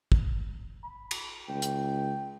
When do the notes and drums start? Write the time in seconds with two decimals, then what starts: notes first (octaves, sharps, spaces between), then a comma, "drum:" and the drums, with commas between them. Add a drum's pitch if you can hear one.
0.12 drum: kick
0.84 B5
1.11 drum: cymbal
1.49 C#2 G5
1.62 drum: hi-hat